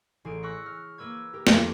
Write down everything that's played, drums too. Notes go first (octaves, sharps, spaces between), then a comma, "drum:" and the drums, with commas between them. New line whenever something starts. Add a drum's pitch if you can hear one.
A1 G#4 C#5 D7
C#6 E6 F#6 A#6 C#7
F6
A#3 B4 E6 G#6
G4 A#4
F2 F3 A#3, drum: snare